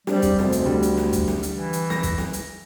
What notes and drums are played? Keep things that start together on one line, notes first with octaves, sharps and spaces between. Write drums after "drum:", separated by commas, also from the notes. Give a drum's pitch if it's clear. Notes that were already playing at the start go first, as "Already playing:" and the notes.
G3 C4 D4 G4, drum: snare
drum: kick, hi-hat
F1 D2 C5, drum: snare
drum: hi-hat
D3 G3
drum: hi-hat
drum: snare
drum: kick, hi-hat
drum: snare
drum: hi-hat
E3
drum: hi-hat
A#6, drum: snare
drum: kick, hi-hat
drum: snare
drum: hi-hat